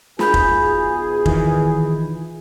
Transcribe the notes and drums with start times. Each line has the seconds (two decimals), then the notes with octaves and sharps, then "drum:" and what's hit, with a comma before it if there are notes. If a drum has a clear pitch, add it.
0.19 B1 B2 F4 G#4 B5 G6, drum: snare
0.34 drum: kick F1
1.26 D#3 E3, drum: kick F1